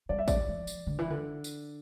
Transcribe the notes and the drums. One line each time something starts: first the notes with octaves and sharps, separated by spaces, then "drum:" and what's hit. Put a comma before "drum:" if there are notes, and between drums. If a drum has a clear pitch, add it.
G3 D5
E5
D5, drum: kick A1, tambourine
F3
drum: tambourine
D3
E3
D3
drum: tambourine